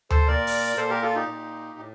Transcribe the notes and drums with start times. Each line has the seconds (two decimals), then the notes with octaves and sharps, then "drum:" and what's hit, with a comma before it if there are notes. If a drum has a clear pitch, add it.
0.10 A4 C5, drum: tom D2
0.27 A#2 A#4 D5
0.47 drum: open hi-hat
0.77 A#2 A4 C5
0.90 G4 A#4
1.02 F4 A4
1.15 D#4 G4
1.28 A#2
1.79 A2